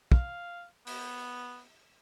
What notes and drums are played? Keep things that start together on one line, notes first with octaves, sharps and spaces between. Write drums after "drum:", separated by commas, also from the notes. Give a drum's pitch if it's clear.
F5, drum: kick
B3, drum: open hi-hat